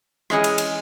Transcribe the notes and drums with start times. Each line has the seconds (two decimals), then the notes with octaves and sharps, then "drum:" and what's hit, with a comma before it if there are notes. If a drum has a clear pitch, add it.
0.30 E3 G#3 C#4 G#4 D#5, drum: rim click
0.44 drum: cymbal
0.58 drum: cymbal